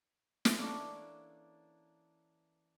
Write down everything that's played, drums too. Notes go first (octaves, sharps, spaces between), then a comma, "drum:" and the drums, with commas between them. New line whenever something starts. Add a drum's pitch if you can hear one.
drum: snare
E3 A#3 C#4 D4 A4 D5